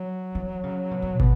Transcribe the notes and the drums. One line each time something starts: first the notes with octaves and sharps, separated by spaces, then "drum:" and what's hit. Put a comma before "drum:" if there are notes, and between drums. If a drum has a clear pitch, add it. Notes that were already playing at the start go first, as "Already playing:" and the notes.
Already playing: F#3
E3
C#3
B2
F#2
B2 B3, drum: kick